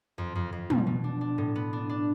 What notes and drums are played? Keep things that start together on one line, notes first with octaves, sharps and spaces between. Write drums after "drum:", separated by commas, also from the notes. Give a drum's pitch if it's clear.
F2
F2
F2
B2, drum: tom
B2
D4
D4
A2
B3
D4
D4